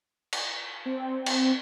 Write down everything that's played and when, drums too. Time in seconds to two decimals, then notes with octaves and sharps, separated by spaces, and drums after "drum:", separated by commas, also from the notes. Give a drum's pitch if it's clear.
0.33 drum: cymbal
0.86 C4
1.26 drum: cymbal